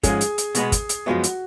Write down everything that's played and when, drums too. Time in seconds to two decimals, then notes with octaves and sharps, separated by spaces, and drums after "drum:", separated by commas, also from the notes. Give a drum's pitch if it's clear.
0.03 G#2 F3 G#3 C#4 G#4, drum: kick, hi-hat
0.21 drum: hi-hat
0.38 drum: hi-hat
0.55 B2 G#3 B3, drum: hi-hat
0.72 drum: kick, hi-hat
0.89 drum: hi-hat
1.06 F#2 F3 G#3 B3 F#4
1.23 drum: hi-hat